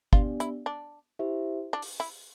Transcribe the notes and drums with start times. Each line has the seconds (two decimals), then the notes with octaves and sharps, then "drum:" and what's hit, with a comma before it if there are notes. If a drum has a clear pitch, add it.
0.13 B3 D4 F4 G4 D5, drum: kick
0.40 E4, drum: hi-hat
0.66 D4
1.19 E4 G4 C5 E5
1.73 D4
1.82 drum: open hi-hat
2.00 E4